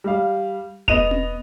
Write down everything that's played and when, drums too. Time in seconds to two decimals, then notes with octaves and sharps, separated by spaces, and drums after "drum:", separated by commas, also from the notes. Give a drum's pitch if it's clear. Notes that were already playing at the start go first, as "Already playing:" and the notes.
0.04 G3 F5
0.88 B3 D#5 D#7 F7, drum: kick E1
1.11 drum: tom C4